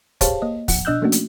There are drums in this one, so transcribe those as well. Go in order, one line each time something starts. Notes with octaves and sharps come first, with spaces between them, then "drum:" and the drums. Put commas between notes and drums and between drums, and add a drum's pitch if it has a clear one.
G4 G#4 C5 C#5 F5 A5, drum: kick, hi-hat
A#3 D#5
F3 F#5, drum: kick, open hi-hat
B2 D4 D#5 E6 F#6 G6
F3 A3 A#3 C#4 D4 F#4
drum: hi-hat